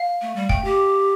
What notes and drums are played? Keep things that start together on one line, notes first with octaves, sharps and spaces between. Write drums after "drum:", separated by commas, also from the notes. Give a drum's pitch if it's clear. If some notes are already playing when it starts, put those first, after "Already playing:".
Already playing: F5
A3
G3
A3 G5, drum: kick
G4